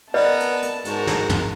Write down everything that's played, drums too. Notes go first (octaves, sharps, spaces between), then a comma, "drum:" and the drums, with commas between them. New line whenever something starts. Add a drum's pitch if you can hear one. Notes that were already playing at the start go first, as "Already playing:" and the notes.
B3 A#4 B4 D5 D#5 A5
drum: hi-hat
drum: hi-hat
G#2 F#4 A#4, drum: hi-hat
drum: snare
drum: tom